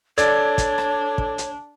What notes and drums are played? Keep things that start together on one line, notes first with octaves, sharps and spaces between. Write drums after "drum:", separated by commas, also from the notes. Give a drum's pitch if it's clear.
D4 A4 C#5 D5 G#6, drum: hi-hat
drum: kick, hi-hat
drum: rim click
drum: kick
drum: hi-hat